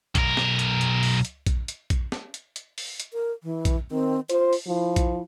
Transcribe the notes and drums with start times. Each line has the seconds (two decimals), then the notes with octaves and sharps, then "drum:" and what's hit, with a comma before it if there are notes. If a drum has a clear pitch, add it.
0.15 B1 A#4, drum: kick A#1, hi-hat
0.37 drum: snare
0.59 drum: hi-hat
0.81 drum: hi-hat
1.03 drum: open hi-hat
1.25 drum: hi-hat
1.47 drum: kick A#1, hi-hat
1.68 drum: hi-hat
1.90 drum: kick A#1, hi-hat
2.12 drum: snare
2.34 drum: hi-hat
2.56 drum: hi-hat
2.78 drum: open hi-hat
3.00 drum: hi-hat
3.13 A#4
3.43 E3
3.65 drum: kick A#1, hi-hat
3.91 D#3 C4
4.30 F4 C5, drum: hi-hat
4.53 drum: open hi-hat
4.67 F3 E4
4.96 drum: kick A#1, hi-hat